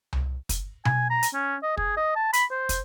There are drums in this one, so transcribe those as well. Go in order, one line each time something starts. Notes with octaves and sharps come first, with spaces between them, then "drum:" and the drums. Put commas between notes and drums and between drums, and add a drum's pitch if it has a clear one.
drum: tom C2
drum: kick, hi-hat
G#5, drum: tom B2
A#5
drum: hi-hat
C#4
D#5
G#4, drum: kick
D#5
A5
B5, drum: hi-hat
C5
drum: kick, hi-hat